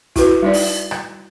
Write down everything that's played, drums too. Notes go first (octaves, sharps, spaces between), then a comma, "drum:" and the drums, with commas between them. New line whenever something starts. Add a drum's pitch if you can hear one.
E4 F#4 B4, drum: kick, hi-hat
G3 D#4 D5
drum: open hi-hat
drum: rim click